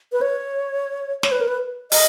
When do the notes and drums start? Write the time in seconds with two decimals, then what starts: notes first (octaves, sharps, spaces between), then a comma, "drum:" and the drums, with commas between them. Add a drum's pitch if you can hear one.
0.12 B4
0.21 C#5
1.23 C#5, drum: snare
1.32 B4
1.41 A#4
1.48 B4
1.92 D#5, drum: open hi-hat